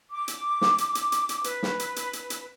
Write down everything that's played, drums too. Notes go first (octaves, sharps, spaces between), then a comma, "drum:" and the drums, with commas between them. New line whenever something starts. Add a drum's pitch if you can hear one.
D6
drum: hi-hat
drum: snare
drum: hi-hat
drum: hi-hat
drum: hi-hat
drum: hi-hat
B4, drum: hi-hat
drum: snare
drum: hi-hat
drum: hi-hat
drum: hi-hat
drum: hi-hat